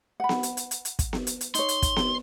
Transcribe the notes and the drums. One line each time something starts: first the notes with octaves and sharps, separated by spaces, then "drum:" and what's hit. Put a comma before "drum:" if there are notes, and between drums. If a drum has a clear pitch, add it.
F#5 B5
drum: snare B3
drum: hi-hat
drum: hi-hat
drum: hi-hat
drum: hi-hat
drum: kick, hi-hat
drum: snare B3
drum: hi-hat
drum: hi-hat
D#4 C#5 C6, drum: hi-hat
drum: hi-hat
drum: kick, hi-hat
drum: snare B3